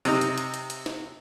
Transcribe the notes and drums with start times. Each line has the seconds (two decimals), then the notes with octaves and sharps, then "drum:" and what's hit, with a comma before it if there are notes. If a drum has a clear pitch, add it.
0.05 C3 D#4, drum: open hi-hat
0.21 drum: hi-hat
0.38 drum: hi-hat
0.54 drum: hi-hat
0.70 drum: hi-hat
0.86 drum: snare